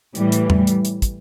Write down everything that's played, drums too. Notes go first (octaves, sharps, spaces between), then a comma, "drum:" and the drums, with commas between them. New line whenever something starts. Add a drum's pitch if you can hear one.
A2 E3 G3, drum: hi-hat
drum: hi-hat
drum: tom E2
drum: hi-hat
drum: hi-hat
drum: kick, hi-hat